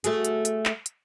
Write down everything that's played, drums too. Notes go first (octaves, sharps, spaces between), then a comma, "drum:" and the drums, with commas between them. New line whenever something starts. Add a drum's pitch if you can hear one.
A3 F#4 G#4, drum: hi-hat
drum: hi-hat
drum: hi-hat
drum: clap
drum: hi-hat